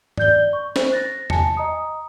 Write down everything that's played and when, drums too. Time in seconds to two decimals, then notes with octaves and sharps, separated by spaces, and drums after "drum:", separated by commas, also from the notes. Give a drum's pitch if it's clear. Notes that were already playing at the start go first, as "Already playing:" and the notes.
0.17 D5 G6 G7, drum: tom G2
0.53 C#6
0.76 C5, drum: snare
0.92 F#6 A6 A#6
1.30 G#5 A5 C#7, drum: tom E2
1.57 D#5 A#5 D#6